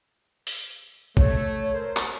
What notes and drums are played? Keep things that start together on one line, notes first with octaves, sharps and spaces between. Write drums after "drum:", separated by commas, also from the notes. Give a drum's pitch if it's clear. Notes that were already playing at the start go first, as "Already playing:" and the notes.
drum: open hi-hat
A3 C#5, drum: kick
A#4 C5
drum: clap